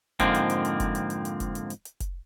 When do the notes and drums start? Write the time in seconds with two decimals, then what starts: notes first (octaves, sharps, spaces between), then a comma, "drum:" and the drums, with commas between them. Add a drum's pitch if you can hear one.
0.19 F2 G#2 D3 F3 A#3 C4, drum: kick F1, hi-hat
0.35 drum: hi-hat
0.50 drum: hi-hat
0.65 drum: hi-hat
0.80 drum: kick F1, hi-hat
0.95 drum: hi-hat
1.10 drum: hi-hat
1.25 drum: hi-hat
1.40 drum: kick F1, hi-hat
1.55 drum: hi-hat
1.70 drum: hi-hat
1.85 drum: hi-hat
2.00 drum: kick F1, hi-hat